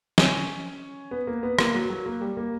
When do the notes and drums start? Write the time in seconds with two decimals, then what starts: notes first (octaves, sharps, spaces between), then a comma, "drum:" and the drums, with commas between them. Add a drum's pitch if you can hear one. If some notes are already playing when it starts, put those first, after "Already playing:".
0.18 C#4, drum: snare
1.11 B3
1.27 A#3
1.43 B3
1.59 A#3, drum: rim click
1.74 F#3
1.90 F#3
2.06 A#3
2.21 G3
2.37 A#3